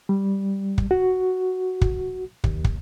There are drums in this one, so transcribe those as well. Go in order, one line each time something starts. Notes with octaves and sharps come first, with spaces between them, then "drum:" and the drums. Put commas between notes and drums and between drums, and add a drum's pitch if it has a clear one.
G3
drum: kick
F#4
drum: kick
D#2, drum: kick
drum: kick